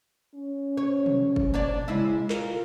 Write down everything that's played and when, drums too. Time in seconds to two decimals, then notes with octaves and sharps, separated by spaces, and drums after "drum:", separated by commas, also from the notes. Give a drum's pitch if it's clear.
0.35 C#4
0.77 C#5
1.06 drum: tom
1.36 drum: kick F#1
1.54 D4 C#5 D5
1.88 C#3 G#3 E4
2.30 F4 A#4, drum: clap